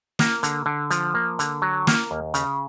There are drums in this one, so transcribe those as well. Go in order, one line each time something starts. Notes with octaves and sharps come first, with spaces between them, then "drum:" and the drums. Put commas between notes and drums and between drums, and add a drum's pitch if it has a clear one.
A#3, drum: snare
D3, drum: hi-hat
D3
F3, drum: hi-hat
A#3
D3, drum: hi-hat
F#3
A#3, drum: snare
D#2
C#3, drum: hi-hat